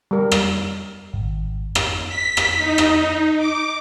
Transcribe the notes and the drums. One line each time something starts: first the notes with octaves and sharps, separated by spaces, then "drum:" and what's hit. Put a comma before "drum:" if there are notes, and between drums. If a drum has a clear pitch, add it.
G3 A#4
drum: rim click
G#1
drum: rim click
B6
drum: rim click
D#4
drum: rim click
D6